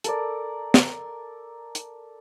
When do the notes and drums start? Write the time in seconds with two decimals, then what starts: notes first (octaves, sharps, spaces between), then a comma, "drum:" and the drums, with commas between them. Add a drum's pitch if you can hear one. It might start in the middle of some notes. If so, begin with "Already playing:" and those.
0.04 A4 A#4 D5, drum: hi-hat
0.74 drum: snare
1.75 drum: hi-hat